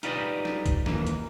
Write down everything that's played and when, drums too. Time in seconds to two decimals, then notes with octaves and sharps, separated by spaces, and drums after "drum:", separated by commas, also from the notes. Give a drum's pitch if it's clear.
0.03 D#4 F4 G4 B4 D5 D#5, drum: hi-hat
0.45 drum: snare
0.66 drum: kick, hi-hat
0.86 D#2 E3 A#3, drum: snare
1.07 drum: hi-hat